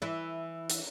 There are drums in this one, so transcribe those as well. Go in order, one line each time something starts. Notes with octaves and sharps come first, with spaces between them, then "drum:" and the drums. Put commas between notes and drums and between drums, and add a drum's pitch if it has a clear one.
E3 E4
drum: hi-hat